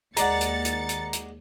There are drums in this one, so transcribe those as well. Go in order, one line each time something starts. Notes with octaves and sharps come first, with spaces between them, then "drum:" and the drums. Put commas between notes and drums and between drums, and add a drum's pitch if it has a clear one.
D#2 G#3 D5 F#5 A#5 A6 C#7, drum: hi-hat
drum: hi-hat
drum: hi-hat
drum: hi-hat
drum: hi-hat